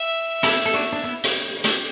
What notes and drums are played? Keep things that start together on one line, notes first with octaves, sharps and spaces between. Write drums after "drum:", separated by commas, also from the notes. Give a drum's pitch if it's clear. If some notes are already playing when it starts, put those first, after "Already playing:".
Already playing: E5
E4 A4, drum: hi-hat
A4
D4 F#4
D4
B3 E4
drum: hi-hat
A3 D4, drum: hi-hat